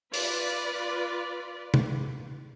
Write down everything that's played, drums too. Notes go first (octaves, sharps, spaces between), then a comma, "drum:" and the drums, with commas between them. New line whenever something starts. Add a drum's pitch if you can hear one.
F4 B4 D5, drum: open hi-hat
drum: tom